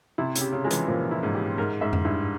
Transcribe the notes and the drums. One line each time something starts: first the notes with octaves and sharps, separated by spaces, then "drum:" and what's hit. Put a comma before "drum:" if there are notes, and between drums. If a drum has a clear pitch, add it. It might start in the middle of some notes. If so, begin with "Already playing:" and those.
C3 E4
C#3, drum: hi-hat
G4
C#3
F3 G#3
E3, drum: hi-hat
A#2 F3
E4
G#2
G4
G#2 A#4
G#2 E5
drum: tom F2
G2 E4